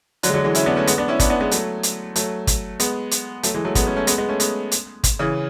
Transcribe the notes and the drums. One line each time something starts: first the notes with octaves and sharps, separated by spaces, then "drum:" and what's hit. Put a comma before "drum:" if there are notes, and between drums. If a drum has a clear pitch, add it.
D3 F#3, drum: hi-hat
G#3
D3 F#3
E3 G#3
C#4 E4, drum: hi-hat
B3 D4
A3 C#4
G#3 B3, drum: hi-hat
B3 D4
C#4 E4
B3 D4, drum: kick, hi-hat
B3 D4
G#3 B3
F#3 A3, drum: hi-hat
drum: hi-hat
F#3 A3, drum: hi-hat
drum: kick, hi-hat
G#3 B3, drum: hi-hat
drum: hi-hat
F#3 A3, drum: hi-hat
E3 G#3
F#3 A3
G#3 B3, drum: kick, hi-hat
A3 C#4
A3 C#4
G#3 B3, drum: hi-hat
G#3 B3
A3 C#4
G#3 B3, drum: hi-hat
drum: hi-hat
drum: kick, hi-hat
C#3 E3